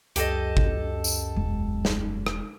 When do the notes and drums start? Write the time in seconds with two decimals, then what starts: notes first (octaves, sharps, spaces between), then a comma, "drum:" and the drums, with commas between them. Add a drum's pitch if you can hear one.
0.16 C#2 F#2 G4 A4 D#5, drum: hi-hat
0.57 drum: kick G#1
1.04 drum: tambourine
1.36 E1
1.85 drum: snare
2.26 drum: rim click